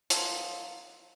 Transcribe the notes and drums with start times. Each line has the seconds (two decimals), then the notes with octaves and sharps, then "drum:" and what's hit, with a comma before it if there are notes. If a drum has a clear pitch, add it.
0.10 F3 F#3 F4 C6, drum: hi-hat